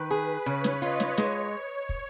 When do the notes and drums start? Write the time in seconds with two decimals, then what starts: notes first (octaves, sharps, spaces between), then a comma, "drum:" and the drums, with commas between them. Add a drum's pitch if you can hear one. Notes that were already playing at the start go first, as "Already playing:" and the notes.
Already playing: D#3 B4
0.11 G#4
0.46 C#3 C#5
0.64 drum: snare
0.82 F4 D#5
1.00 drum: snare
1.18 G#3 C#5, drum: snare
1.89 drum: kick